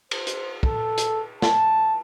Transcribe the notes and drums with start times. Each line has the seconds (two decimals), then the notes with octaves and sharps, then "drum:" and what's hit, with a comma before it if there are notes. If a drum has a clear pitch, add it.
0.11 C5, drum: cymbal
0.27 drum: hi-hat
0.63 A4, drum: kick
0.98 drum: hi-hat
1.42 A5, drum: snare